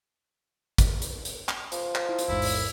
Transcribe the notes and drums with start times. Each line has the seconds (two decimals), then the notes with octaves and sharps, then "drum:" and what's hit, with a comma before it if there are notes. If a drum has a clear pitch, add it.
0.78 drum: kick, hi-hat
1.02 drum: hi-hat
1.25 drum: hi-hat
1.48 drum: clap
1.72 F3, drum: hi-hat
1.95 drum: clap
2.09 E4
2.19 drum: hi-hat
2.28 A1 E2 G#2 E4
2.42 drum: open hi-hat